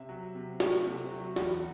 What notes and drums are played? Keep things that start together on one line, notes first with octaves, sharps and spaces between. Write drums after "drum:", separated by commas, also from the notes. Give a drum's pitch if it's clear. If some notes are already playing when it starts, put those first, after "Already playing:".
Already playing: C3 E5
F#3
C3
A3, drum: snare
C3
drum: tambourine
F#3
E2 F#5, drum: snare
drum: tambourine